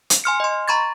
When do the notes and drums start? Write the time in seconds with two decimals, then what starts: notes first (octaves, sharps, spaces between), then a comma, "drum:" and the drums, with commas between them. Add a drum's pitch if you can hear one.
0.10 drum: hi-hat
0.24 G#5 C6 F6 C#7
0.40 D#5 C6
0.68 A#5 B5 C#6 G#6 A6